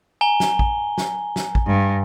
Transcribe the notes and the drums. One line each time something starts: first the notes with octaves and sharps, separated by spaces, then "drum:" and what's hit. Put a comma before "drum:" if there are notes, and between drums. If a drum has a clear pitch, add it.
G#5 A#5 G7
drum: snare
drum: kick A1
drum: snare
drum: snare
drum: kick A1
G2